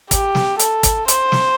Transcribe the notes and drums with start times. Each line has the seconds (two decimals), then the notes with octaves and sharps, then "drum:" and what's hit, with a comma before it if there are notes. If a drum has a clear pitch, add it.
0.11 G4, drum: kick, hi-hat
0.35 drum: snare
0.60 A4, drum: hi-hat
0.83 drum: kick, hi-hat
1.08 C5, drum: hi-hat
1.32 drum: snare